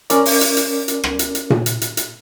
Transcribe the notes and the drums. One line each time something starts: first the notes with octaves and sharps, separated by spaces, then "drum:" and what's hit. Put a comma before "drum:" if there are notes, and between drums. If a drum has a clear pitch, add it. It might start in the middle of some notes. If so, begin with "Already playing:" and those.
C#4 A#4 D5, drum: hi-hat
drum: open hi-hat
drum: hi-hat
drum: hi-hat
drum: hi-hat
drum: rim click
drum: hi-hat
drum: hi-hat
drum: tom A#2
drum: hi-hat
drum: hi-hat
drum: hi-hat